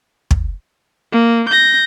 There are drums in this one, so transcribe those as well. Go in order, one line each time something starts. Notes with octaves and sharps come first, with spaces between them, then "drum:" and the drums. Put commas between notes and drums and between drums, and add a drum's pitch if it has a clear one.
drum: kick
A#3
G6 A#6